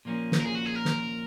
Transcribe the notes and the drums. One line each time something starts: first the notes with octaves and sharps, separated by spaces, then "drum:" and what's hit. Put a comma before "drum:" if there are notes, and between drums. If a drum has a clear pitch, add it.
A#2 F3 A#3 C#4
drum: snare
A#4
G#4
F#4
G#4
A#4
drum: snare